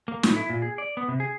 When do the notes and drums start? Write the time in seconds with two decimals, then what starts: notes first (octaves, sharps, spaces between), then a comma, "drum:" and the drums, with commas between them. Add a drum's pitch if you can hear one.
0.08 A#3
0.23 A2, drum: snare
0.36 E4
0.50 A#2
0.62 G#4
0.78 D5
0.97 B3
1.08 C3
1.20 G#4